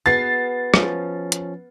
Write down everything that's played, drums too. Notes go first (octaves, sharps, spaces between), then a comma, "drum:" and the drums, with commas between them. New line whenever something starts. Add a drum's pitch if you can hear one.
B3 F#4 G#4 A6 C7
F3 C#4, drum: rim click
drum: hi-hat